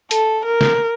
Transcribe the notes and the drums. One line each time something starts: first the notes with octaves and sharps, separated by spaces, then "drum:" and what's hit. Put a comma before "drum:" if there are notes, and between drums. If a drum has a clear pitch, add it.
A4, drum: hi-hat
A#4
drum: snare